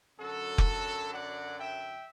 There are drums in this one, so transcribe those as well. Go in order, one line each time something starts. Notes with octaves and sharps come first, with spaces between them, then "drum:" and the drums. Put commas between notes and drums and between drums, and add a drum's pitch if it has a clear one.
F#2 D3 F#3 F#4 A4
drum: kick F1
D5 F#5
E5 G5